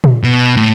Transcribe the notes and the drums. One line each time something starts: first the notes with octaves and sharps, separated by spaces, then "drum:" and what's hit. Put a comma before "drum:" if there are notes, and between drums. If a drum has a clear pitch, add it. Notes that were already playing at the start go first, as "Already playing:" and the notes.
drum: tom
B2
A2